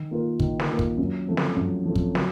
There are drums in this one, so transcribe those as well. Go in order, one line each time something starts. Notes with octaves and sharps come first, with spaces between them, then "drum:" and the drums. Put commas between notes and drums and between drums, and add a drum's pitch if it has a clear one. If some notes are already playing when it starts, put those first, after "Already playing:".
Already playing: D#3
A#3 F4 A#4
D#3, drum: kick
drum: snare
A#3 F4 A#4
drum: kick
F#2
F3 A3 C4
drum: snare
F#2
F3 A3 C4
drum: kick
F#3, drum: snare